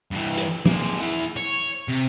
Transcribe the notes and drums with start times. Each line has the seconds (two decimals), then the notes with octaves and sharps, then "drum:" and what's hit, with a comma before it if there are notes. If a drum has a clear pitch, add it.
0.11 G2 E3
0.37 drum: hi-hat
0.66 G#3 A#3, drum: tom
1.00 E4 F#5
1.36 C#5
1.88 C3